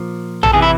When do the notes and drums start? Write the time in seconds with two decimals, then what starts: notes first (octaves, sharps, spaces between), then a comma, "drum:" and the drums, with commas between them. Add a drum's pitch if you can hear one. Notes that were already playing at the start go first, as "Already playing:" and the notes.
Already playing: A#2 F3
0.43 A4, drum: tom
0.53 C3 E3 G#4
0.62 E4